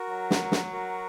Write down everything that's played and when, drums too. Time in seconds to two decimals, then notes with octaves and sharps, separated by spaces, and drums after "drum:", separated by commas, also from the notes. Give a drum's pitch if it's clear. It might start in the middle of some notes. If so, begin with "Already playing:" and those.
Already playing: F#4 A#4
0.10 F#3
0.31 drum: snare
0.52 drum: snare
0.73 F#4 A#4